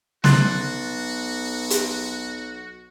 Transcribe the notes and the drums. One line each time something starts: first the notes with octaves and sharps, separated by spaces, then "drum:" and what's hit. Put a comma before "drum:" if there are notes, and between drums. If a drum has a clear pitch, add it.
B1 F#4 C6 F#6 A6, drum: snare
drum: hi-hat